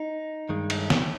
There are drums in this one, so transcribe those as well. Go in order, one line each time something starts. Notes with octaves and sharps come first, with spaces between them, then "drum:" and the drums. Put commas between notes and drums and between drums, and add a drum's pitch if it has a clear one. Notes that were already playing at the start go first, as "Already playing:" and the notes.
Already playing: D#4
G2 D#3 G#3
drum: cymbal
drum: snare